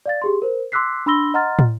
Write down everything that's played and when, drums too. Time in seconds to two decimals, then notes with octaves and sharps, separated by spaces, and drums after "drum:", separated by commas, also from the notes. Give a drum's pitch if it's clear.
0.06 D5 F5 A6
0.22 G4 G#4 C6
0.42 A#4 C5
0.72 C6 D6 E6 F#6 B6 C7
1.06 D4 B5 C6 E6 A#6 G7
1.34 D#5 F#5 A#5 C6 F6 A6
1.59 drum: tom